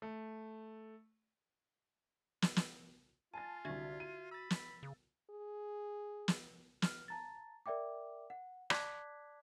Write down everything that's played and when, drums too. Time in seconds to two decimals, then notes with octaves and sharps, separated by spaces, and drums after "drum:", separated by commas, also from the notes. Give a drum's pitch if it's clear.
0.02 A3
2.42 drum: snare
2.56 drum: snare
3.34 F4 G#5 A5 A6
3.65 C2 D3 F#4 E5 G#6
4.00 D#7
4.31 B5 E6 A6
4.50 drum: snare
4.83 C#3
5.30 G#4
6.28 drum: snare
6.82 F6, drum: snare
7.08 A5 A#5 A6
7.66 A#4 D5 E5 G5 D6
8.30 F#5
8.70 D5 A5 D6 F#6 G#6 B6, drum: rim click